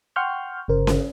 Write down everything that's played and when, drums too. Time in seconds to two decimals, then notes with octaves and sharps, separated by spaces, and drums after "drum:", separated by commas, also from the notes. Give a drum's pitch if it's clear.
0.16 F#5 G5 C6 C#6 F6 G6
0.68 G1 C#3 A#4 C5
0.87 drum: snare C#4